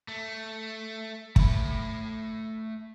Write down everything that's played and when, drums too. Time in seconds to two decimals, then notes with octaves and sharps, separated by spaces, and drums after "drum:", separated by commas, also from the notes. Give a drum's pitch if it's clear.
0.08 A3
1.36 A3 B5, drum: kick